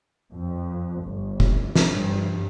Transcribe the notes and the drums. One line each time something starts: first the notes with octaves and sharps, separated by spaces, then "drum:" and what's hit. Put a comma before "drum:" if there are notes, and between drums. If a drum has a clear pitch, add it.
F2
G1
drum: kick F1
drum: snare
G2